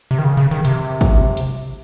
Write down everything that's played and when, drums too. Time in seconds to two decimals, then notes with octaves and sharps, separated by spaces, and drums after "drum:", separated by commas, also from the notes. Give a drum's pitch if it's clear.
0.11 C3
0.19 D#3
0.24 C#3
0.37 C#3
0.51 D#3
0.65 C3, drum: hi-hat
1.01 drum: kick, hi-hat
1.37 drum: hi-hat